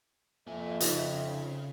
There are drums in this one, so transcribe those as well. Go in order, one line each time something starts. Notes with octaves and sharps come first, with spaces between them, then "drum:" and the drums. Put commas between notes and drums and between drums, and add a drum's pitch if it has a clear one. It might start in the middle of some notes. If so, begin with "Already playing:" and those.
F2 A#3 E5 G#5
C#3 D#4 F4, drum: hi-hat